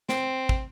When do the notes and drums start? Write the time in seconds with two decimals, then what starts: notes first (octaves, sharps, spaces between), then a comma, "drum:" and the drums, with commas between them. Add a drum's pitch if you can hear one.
0.09 C4, drum: snare
0.49 drum: kick